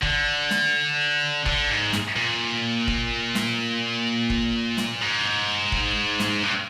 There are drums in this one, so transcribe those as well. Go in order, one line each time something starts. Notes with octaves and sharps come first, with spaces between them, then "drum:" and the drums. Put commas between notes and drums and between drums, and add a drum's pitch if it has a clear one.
D3, drum: kick
drum: snare
D3, drum: kick
G#2
drum: snare
A#2
drum: kick
drum: snare
drum: kick
drum: snare
G#2
drum: kick
drum: snare
G2